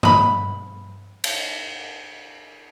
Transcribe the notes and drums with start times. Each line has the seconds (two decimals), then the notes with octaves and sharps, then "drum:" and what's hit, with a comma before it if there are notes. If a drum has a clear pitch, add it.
0.03 D#5 B5, drum: tom G2
1.24 drum: cymbal